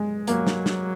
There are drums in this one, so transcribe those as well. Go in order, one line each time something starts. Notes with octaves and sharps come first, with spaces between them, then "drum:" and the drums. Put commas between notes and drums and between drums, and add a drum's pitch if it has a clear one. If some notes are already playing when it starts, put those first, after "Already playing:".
Already playing: G#3
F#3 A#3, drum: hi-hat
drum: snare
drum: snare